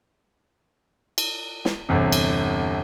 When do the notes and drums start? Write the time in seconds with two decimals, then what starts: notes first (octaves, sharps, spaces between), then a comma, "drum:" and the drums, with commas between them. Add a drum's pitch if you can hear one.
1.18 drum: cymbal
1.65 drum: snare
1.89 G1 E2 C3
2.12 drum: cymbal